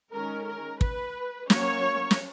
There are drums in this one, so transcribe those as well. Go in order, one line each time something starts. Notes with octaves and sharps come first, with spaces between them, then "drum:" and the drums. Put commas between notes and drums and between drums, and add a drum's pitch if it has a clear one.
D#3 G#3 C#4 A#4
A#4
B4, drum: kick
F#3 A#3 C#4 C#5, drum: snare
drum: snare